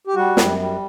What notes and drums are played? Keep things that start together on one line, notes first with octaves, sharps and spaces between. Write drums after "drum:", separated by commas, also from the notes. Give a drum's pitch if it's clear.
G4
G3 F#4
F#2, drum: snare
G3